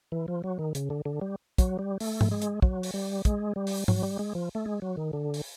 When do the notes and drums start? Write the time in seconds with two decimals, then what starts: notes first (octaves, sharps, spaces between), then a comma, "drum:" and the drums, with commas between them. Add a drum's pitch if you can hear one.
0.12 E3
0.28 F3
0.44 F#3
0.59 D#3
0.75 C#3, drum: hi-hat
0.90 D3
1.05 D3
1.21 G3
1.58 F#3, drum: kick, hi-hat
1.79 G3
2.00 A3, drum: open hi-hat
2.21 drum: tom G#2
2.31 G#3
2.42 drum: hi-hat
2.62 F#3, drum: kick
2.83 drum: open hi-hat
2.94 G3
3.25 G#3, drum: kick, hi-hat
3.56 G3
3.67 drum: open hi-hat
3.88 F#3, drum: tom G#2
4.03 G3
4.19 G#3
4.35 F3
4.55 A3
4.66 G#3
4.82 F#3
4.97 D#3
5.13 D3
5.34 drum: open hi-hat